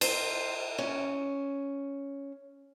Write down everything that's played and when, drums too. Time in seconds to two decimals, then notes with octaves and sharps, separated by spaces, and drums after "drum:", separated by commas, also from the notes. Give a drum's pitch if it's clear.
0.01 C5, drum: cymbal
0.78 C#4